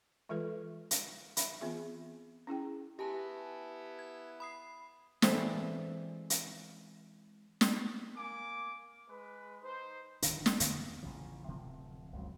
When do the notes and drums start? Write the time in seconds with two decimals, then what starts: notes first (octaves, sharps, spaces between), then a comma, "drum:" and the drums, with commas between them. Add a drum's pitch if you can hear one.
0.29 E3 G#3 F4 A4 B4
0.91 drum: hi-hat
1.37 E5 B5, drum: hi-hat
1.61 E3 B3 C4 F4 G#4 E5
2.47 C#4 E4 G#4 G5
2.99 B3 E4 G4 B4 G#5 A5
3.99 G#6
4.40 B5 D#6 C7
5.22 E3 G#3 C4 D4 A4 B4, drum: snare
6.30 drum: hi-hat
7.61 drum: snare
8.15 A#3 G#5 D6
9.09 G#3 B4
9.63 D#4 C5
10.22 D1 D2 D#3 D4, drum: hi-hat
10.46 drum: snare
10.60 E2 G2 D3 D#3, drum: hi-hat
11.03 A1 C#3 F3
11.47 D1 C3 F3 C4
12.12 F#1 C#2 F#3